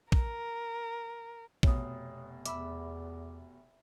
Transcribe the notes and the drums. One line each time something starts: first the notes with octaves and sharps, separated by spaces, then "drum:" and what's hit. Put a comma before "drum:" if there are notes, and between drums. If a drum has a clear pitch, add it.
A#4, drum: kick
F1 B2 C#5 D#6, drum: kick
E2 E5 B5 D6 E6, drum: hi-hat